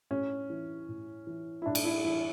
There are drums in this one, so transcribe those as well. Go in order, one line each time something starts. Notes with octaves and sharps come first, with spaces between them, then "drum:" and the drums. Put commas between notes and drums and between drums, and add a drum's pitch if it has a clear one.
A2 C#4
E3
A2
E3
E4
A2 D4
drum: cymbal
E4
E3 E4